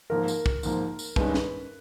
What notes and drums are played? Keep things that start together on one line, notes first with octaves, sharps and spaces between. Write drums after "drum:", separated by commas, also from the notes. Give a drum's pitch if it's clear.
G#2 F3 A#3 A#4
drum: tambourine
drum: kick
G#2 F3 A#3, drum: tambourine
drum: tambourine
G2 D#3 G#3 C#4 B4, drum: kick
drum: snare